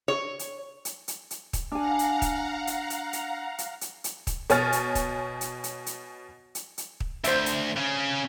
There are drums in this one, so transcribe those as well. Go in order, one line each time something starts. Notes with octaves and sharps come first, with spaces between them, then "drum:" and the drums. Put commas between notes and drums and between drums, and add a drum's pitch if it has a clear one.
C#5
drum: hi-hat
drum: hi-hat
drum: hi-hat
drum: hi-hat
drum: kick, hi-hat
D4 F5 F#5 G#5 A#5
drum: hi-hat
drum: kick, hi-hat
drum: hi-hat
drum: hi-hat
drum: hi-hat
drum: hi-hat
drum: hi-hat
drum: hi-hat
drum: kick, hi-hat
B2 C#5 G#5 C#6 F6 A6, drum: hi-hat
drum: hi-hat
drum: kick, hi-hat
drum: hi-hat
drum: hi-hat
drum: hi-hat
drum: hi-hat
drum: hi-hat
drum: kick
D2 C5 E5, drum: hi-hat
drum: hi-hat
C#3 C#4